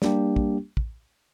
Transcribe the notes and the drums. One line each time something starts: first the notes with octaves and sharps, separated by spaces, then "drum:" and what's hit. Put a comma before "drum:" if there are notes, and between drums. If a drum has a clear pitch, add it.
G3 A#3 D4 G4, drum: snare
drum: kick
drum: kick